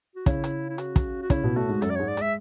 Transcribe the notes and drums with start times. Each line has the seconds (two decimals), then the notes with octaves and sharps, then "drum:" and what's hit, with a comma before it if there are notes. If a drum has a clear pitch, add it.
0.16 F#4
0.26 C#3 C#4 E4, drum: kick, hi-hat
0.44 drum: hi-hat
0.69 E4
0.78 F#4, drum: hi-hat
0.96 drum: kick, hi-hat
1.22 F#4
1.30 C#3 C#4 E4, drum: kick, hi-hat
1.43 B2 B3
1.56 A2 A3 F#4
1.69 G#2 G#3
1.82 F#2 F#3 A4, drum: hi-hat
1.90 D5
1.95 G#2 G#3 C#5
2.08 D5
2.17 G#3 E5, drum: hi-hat